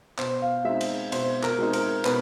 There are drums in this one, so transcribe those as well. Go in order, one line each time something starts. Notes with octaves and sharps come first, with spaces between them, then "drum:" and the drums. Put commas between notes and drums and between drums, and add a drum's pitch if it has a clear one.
B2 C5, drum: clap
F5
G#3 C4 D#4 E5
drum: cymbal
B2 C5, drum: cymbal
A#4, drum: clap
G#3 C4 D#4
A#4, drum: cymbal
B2 B4, drum: clap